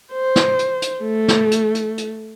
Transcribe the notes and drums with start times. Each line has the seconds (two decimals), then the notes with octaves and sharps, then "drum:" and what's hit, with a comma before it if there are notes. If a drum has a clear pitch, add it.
0.12 C5
0.36 drum: snare
0.59 drum: hi-hat
0.82 drum: hi-hat
1.02 A3
1.28 drum: snare
1.51 drum: hi-hat
1.75 drum: hi-hat
1.98 drum: hi-hat